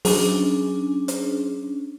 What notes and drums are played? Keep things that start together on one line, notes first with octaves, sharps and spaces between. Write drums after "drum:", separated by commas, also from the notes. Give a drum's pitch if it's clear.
F#3 C#4 D4 G#4, drum: open hi-hat
drum: hi-hat